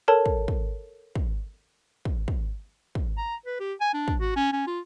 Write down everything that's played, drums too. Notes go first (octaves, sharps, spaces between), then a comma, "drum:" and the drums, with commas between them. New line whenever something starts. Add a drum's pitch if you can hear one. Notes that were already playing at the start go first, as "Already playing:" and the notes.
A4 A#4 C#5 A5
drum: kick
drum: kick
drum: kick
drum: kick
drum: kick
drum: kick
A#5
B4
G4
G#5
D4
drum: kick
F#4
C#4
C#4
F4